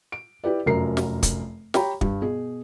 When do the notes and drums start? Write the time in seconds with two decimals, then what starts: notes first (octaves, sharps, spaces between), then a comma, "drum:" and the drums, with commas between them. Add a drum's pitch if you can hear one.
0.12 D7
0.44 E4 G4 B4 D5
0.66 F1 F#2 A#4 C7
0.97 drum: snare
1.23 drum: kick, hi-hat
1.74 G4 C#5 G5 A#5 B5, drum: snare
2.01 G2, drum: kick
2.22 B2 G#4